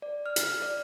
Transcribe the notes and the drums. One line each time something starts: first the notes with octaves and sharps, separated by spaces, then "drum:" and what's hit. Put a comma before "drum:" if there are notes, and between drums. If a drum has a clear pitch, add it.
D5
F6
drum: hi-hat
D5